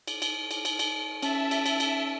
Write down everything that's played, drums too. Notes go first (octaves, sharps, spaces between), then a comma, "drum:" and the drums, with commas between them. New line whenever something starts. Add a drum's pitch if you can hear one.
drum: cymbal
drum: cymbal
drum: cymbal
drum: cymbal
drum: cymbal
C#4 E5 A5, drum: cymbal
drum: cymbal
drum: cymbal
drum: cymbal